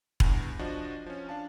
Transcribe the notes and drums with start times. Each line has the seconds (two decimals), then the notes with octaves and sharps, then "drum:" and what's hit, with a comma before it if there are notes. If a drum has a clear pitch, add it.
0.20 E2 G2, drum: kick E1
0.59 F3 D4 F#4 D#5
1.06 F3 C#4
1.29 D4 F5 A5